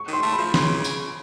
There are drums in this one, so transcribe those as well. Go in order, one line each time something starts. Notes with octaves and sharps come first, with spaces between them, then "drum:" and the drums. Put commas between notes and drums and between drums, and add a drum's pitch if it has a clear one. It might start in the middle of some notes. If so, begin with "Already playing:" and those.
Already playing: C#6
D#3 C6
A3
B5
F3
C#3 C6, drum: snare
drum: tambourine